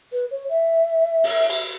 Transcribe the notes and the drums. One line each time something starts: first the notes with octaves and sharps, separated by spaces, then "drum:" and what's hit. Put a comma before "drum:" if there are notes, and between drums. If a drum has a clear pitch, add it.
B4
C#5
E5
drum: open hi-hat
drum: cymbal